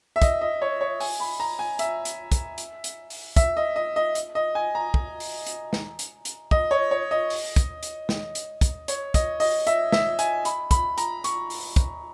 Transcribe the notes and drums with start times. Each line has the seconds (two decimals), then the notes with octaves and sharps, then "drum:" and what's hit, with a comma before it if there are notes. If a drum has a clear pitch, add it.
0.16 E5
0.22 D#5, drum: kick, hi-hat
0.41 D#5
0.62 C#5
0.81 C#5
1.00 G#5, drum: open hi-hat
1.20 B5
1.40 A#5
1.59 G#5
1.79 E5, drum: hi-hat
2.05 drum: hi-hat
2.32 drum: kick, hi-hat
2.58 drum: hi-hat
2.84 drum: hi-hat
3.10 drum: open hi-hat
3.36 E5, drum: kick, hi-hat
3.57 D#5
3.76 D#5
3.96 D#5
4.15 drum: hi-hat
4.35 D#5
4.55 G#5
4.75 A#5
4.94 drum: kick
5.20 drum: open hi-hat
5.46 drum: hi-hat
5.73 drum: snare
5.99 drum: hi-hat
6.25 drum: hi-hat
6.51 D#5, drum: kick
6.71 C#5
6.91 C#5
7.11 D#5
7.30 drum: open hi-hat
7.56 drum: kick, hi-hat
7.83 drum: hi-hat
8.09 drum: snare
8.35 drum: hi-hat
8.61 drum: kick, hi-hat
8.88 C#5, drum: hi-hat
9.14 D#5, drum: kick, hi-hat
9.40 D#5, drum: open hi-hat
9.67 E5, drum: hi-hat
9.92 E5, drum: snare
10.19 G#5, drum: hi-hat
10.45 B5, drum: hi-hat
10.71 B5, drum: kick, hi-hat
10.98 A#5, drum: hi-hat
11.24 C#6, drum: hi-hat
11.50 drum: open hi-hat
11.76 drum: kick, hi-hat